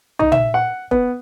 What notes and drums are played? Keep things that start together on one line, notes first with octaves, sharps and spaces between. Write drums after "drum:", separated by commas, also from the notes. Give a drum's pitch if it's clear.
D#4, drum: tom
E5, drum: tom
F#5
B3, drum: kick F1